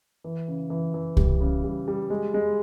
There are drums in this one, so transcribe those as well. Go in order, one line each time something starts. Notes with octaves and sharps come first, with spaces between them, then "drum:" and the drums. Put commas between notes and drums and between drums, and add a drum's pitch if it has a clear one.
E3
C#3
E3
E3
G3, drum: kick C2
C#3
G3
G3
G#3
G#3